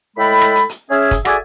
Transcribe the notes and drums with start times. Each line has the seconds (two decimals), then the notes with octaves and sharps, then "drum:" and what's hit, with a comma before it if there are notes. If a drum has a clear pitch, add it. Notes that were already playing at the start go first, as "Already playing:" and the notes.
0.17 A2 G#3 A4 G5 B5
0.42 drum: rim click
0.55 drum: hi-hat
0.69 drum: hi-hat
0.89 C#4 G#4 E5
1.11 drum: kick, hi-hat
1.25 F#4 G#4 A4 D5 E5 G#5, drum: rim click